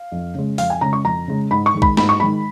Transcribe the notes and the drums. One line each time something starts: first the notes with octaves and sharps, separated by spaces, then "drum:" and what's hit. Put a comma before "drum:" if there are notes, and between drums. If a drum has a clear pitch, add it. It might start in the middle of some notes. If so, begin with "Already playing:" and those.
Already playing: F5
F2
C#3 G#3
F2 F5, drum: open hi-hat
G#5
C#3 G#3 A#5
C#6
F2 A#5
C#3 G#3
G#2 B5
C#6
D#3 G#3
B5, drum: kick
G#2 B5, drum: snare
C#6
D#3 G#3 B5